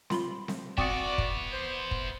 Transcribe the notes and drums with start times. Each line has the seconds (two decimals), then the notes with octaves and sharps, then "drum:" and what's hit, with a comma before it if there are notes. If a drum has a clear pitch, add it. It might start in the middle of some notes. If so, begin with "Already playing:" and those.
0.10 F4 B5 C6, drum: snare C4
0.48 drum: snare C4
0.78 B3 C4 E4 F#4 D5 D#6 C#7, drum: kick
1.18 drum: kick
1.52 C5
1.91 drum: kick